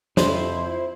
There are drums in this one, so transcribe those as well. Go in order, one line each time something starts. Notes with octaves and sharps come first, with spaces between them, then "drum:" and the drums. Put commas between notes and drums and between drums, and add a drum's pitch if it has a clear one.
F2 E4 C5, drum: snare